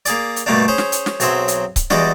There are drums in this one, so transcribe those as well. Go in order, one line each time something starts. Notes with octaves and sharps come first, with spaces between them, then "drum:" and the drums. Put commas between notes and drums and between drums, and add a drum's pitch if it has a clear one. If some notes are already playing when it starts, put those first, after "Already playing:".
A#3 G#4 D5, drum: hi-hat
drum: hi-hat
G2 B2 G3 A3 A#3 D4
C#4 G#4 C5
drum: snare
drum: hi-hat
drum: snare
B1 F#3 C4 G#4 E5 C6, drum: hi-hat
drum: hi-hat
drum: kick C#1, hi-hat
E2 G3 G#3 F#4 D5 D#5, drum: snare